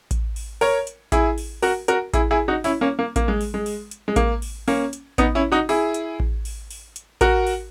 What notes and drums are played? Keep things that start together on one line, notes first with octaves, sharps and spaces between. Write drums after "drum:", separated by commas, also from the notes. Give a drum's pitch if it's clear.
drum: kick A1, hi-hat
drum: open hi-hat
A#4 C#5, drum: open hi-hat
drum: hi-hat
E4 G#4, drum: kick A1, hi-hat
drum: open hi-hat
F#4 A#4, drum: open hi-hat
F#4 A#4, drum: hi-hat
E4 G#4, drum: kick A1, hi-hat
E4 G#4
D#4 F#4
C#4 E4, drum: open hi-hat
A#3 C#4
A#3
A#3, drum: kick A1, hi-hat
G#3
drum: open hi-hat
G#3
drum: open hi-hat
drum: hi-hat
G#3
A#3, drum: kick A1, hi-hat
drum: open hi-hat
A#3 C#4, drum: open hi-hat
drum: hi-hat
B3 D#4, drum: kick A1, hi-hat
C#4 E4
D#4 F#4
E4 G#4, drum: open hi-hat
drum: hi-hat
drum: kick A1
drum: open hi-hat
drum: open hi-hat
drum: hi-hat
F#4 A#4, drum: kick A1, hi-hat
drum: open hi-hat